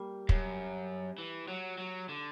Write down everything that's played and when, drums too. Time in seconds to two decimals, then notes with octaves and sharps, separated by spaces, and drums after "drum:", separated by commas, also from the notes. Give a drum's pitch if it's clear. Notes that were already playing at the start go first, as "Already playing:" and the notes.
Already playing: G3 A#3
0.29 F#2, drum: kick
1.18 E3
1.48 F#3
1.78 F#3
2.09 D3